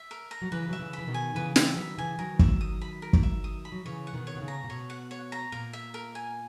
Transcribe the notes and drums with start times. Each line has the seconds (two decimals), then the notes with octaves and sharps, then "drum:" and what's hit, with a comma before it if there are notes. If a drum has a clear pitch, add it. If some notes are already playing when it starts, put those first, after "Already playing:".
Already playing: E5
0.11 A#4
0.31 A#5
0.42 F#3
0.52 C#3 E3 B4
0.69 F#3 E5
0.80 C#3 E3
0.93 B5
0.99 E3
1.07 B2 D#3
1.14 G#5
1.35 C#3 E3 B4
1.56 C#3 E3 E5, drum: snare
1.77 D#3 F#3 B5
1.98 C#3 E3 G#5
2.18 D#3 F#3 A#4
2.39 E5, drum: kick
2.61 D#6
2.81 B5
3.02 A#4
3.13 drum: kick
3.23 E5
3.44 D#6
3.65 B5
3.72 F#3
3.85 C#3 E3 C#5
4.07 F#5
4.13 B2 D#3
4.27 C#5
4.35 B2
4.41 C#3
4.48 A#5
4.64 A#2
4.69 B2 C#5
4.90 F#5
5.11 C#5
5.32 A#5
5.52 A#2 A#4
5.73 E5
5.94 A#4
6.15 G#5